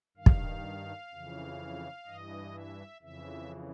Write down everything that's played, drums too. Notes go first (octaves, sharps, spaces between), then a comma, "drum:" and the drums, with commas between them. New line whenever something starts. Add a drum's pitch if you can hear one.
G2 D#3 F5
drum: kick
F2 C#3 E3
G2 E3 D#5
E5
F2 C#3 E3 E5